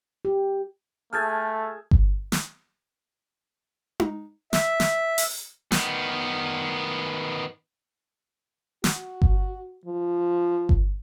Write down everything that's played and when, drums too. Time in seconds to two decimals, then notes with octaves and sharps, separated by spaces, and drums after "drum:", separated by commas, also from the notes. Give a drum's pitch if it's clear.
0.25 G4
1.13 A3 G#4 A4 G#5 F6 G6 A6
1.91 drum: kick G1
2.32 drum: snare
4.00 drum: tom D#4
4.53 E5, drum: snare
4.80 drum: snare
5.18 drum: open hi-hat
5.72 D#3 B3, drum: snare
8.84 F#4, drum: snare
9.22 drum: kick G1
9.85 F3
10.69 drum: kick G1